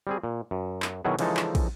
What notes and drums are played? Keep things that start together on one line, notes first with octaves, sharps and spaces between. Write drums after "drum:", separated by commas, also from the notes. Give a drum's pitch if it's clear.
G3 C4 G#4
A#2
F#2
drum: clap
B2 D#3 F#3 E4 F#4 G#4
C#3 E3 F3 G#3 D#4 A4, drum: cymbal
drum: clap
drum: kick, cymbal